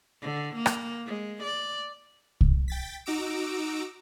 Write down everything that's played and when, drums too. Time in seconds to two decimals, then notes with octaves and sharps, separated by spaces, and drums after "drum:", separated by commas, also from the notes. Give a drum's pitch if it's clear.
0.21 D3
0.56 A#3
0.66 drum: rim click
1.06 G#3
1.43 D5
2.41 drum: kick C2
2.68 G5 A6 B6
3.06 D#4 F#4 A#5 D6 E6 D7